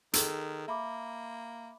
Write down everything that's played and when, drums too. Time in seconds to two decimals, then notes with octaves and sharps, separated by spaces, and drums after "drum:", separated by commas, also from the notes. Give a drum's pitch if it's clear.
0.13 D#3 G#4 A4 E6, drum: hi-hat
0.68 A#3 E5 B5 D6